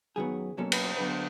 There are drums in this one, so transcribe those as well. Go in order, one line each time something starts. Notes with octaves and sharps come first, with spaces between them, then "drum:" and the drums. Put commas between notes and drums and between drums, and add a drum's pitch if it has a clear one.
F#2 D#3 F#3 B3 G#4
B2 F#3 A#3 C#4 A4
B4, drum: cymbal
C5
D3 F#3 B3 B4
C5